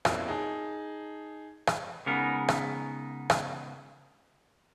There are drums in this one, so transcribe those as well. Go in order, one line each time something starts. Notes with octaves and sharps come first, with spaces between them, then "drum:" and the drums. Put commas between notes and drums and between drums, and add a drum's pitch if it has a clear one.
F1 A#1 B2 A#3 C#4 E4, drum: rim click
D#4 G#4 A5
drum: rim click
C#3 G#3 B3 D#4 A#4
drum: rim click
drum: rim click